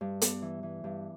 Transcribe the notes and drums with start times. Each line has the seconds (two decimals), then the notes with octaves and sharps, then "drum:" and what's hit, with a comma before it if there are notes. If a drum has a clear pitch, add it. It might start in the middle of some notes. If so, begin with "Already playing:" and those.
0.01 G2
0.22 B3, drum: hi-hat
0.42 E3
0.63 E3
0.84 G2